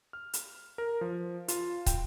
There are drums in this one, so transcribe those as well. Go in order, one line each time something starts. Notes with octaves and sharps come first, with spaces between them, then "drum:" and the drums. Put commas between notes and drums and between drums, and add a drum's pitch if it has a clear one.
F6
drum: hi-hat
A#4
F3
F4, drum: hi-hat
G5, drum: kick, hi-hat